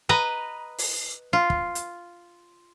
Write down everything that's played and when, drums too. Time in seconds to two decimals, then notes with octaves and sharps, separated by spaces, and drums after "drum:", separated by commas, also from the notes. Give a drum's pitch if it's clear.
0.09 B4 D#5 A#5
0.78 drum: open hi-hat
1.33 F4
1.50 drum: kick
1.75 drum: hi-hat